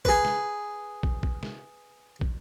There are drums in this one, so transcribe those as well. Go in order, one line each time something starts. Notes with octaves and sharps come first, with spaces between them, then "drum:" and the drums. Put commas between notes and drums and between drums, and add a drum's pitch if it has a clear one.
G#4 B4, drum: kick
drum: snare
drum: kick
drum: kick
drum: snare
drum: kick